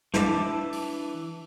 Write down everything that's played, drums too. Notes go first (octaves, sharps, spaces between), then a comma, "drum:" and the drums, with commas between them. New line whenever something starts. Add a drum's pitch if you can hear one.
E3 D4 E4 A5 D6, drum: snare
drum: open hi-hat